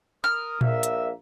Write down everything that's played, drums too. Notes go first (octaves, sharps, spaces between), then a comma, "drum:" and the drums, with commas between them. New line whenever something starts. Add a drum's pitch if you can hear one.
A#4 D#6 F6
A#1 A#3 A#4 E5, drum: tom A#2
drum: hi-hat